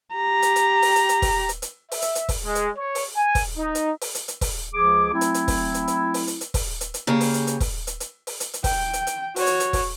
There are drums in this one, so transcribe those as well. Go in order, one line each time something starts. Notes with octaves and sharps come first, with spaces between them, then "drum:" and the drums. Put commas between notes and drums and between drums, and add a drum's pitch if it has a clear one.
G4 A#5
drum: hi-hat
drum: hi-hat
drum: open hi-hat
drum: hi-hat
drum: hi-hat
drum: kick, open hi-hat
drum: hi-hat
drum: hi-hat
E5, drum: open hi-hat
drum: hi-hat
drum: hi-hat
drum: kick, open hi-hat
G#3
drum: hi-hat
C#5
drum: open hi-hat
G#5
drum: kick, open hi-hat
D#4
drum: hi-hat
drum: open hi-hat
drum: hi-hat
drum: hi-hat
drum: kick, open hi-hat
C#2 F3 G#4 D6
F#3 A3 C4 E4
drum: hi-hat
drum: hi-hat
drum: kick, open hi-hat
drum: hi-hat
drum: hi-hat
drum: open hi-hat
drum: hi-hat
drum: hi-hat
drum: kick, open hi-hat
drum: hi-hat
drum: hi-hat
C#3 A#3 G4 G#4
drum: open hi-hat
drum: hi-hat
drum: hi-hat
drum: kick, open hi-hat
drum: hi-hat
drum: hi-hat
drum: open hi-hat
drum: hi-hat
drum: hi-hat
G5, drum: kick, open hi-hat
drum: hi-hat
drum: hi-hat
F#4 C#5, drum: open hi-hat
drum: hi-hat
drum: hi-hat
drum: kick, open hi-hat